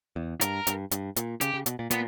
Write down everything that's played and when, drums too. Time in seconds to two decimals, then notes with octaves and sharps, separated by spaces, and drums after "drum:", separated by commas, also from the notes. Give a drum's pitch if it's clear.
0.16 E2
0.41 G2 A#4, drum: hi-hat
0.67 G2, drum: hi-hat
0.91 G2, drum: hi-hat
1.16 A#2, drum: hi-hat
1.41 C#3 G4, drum: hi-hat
1.54 C#3
1.66 B2, drum: hi-hat
1.79 A#2
1.91 A#2 B3, drum: hi-hat